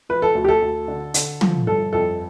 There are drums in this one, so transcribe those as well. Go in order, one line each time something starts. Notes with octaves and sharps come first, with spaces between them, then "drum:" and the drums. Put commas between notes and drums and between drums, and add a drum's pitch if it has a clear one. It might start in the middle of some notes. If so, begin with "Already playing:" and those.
F3 B4
A4
D2
G4
A4
D2
D3
D3, drum: hi-hat
F3, drum: tom
G1 A4
F2 A4